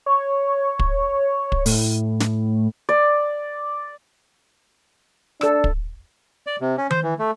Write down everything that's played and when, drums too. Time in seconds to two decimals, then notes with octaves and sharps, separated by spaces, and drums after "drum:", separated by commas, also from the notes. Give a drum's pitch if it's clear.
0.06 C#5
0.79 drum: kick
1.52 drum: kick
1.66 A2, drum: open hi-hat
2.20 drum: snare
2.89 D5
5.41 D4 A4 E6, drum: rim click
5.64 drum: kick
6.47 D5
6.61 C3
6.78 C#4
6.91 C5, drum: tom D#3
7.03 E3
7.19 A3